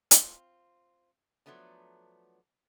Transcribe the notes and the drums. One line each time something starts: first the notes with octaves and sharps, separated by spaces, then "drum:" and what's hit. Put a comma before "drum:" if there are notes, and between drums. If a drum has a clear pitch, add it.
C4 F4, drum: hi-hat
F3 F#3 A3 B3 D4